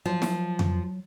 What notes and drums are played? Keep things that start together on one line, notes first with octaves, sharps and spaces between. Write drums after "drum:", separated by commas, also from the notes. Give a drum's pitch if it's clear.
F3 F#3
drum: snare
drum: tom F2